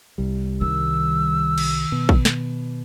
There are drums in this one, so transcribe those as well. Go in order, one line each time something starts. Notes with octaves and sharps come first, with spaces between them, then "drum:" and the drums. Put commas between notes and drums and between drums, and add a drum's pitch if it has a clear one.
C2 G3
D#3 E6
drum: cymbal
B2
drum: kick
drum: snare